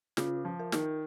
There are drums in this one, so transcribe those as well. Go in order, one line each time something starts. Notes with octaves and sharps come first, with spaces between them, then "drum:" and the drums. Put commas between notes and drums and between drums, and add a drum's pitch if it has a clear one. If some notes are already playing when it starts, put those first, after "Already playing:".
C#3 F4, drum: snare
F3
A#4
D#3, drum: snare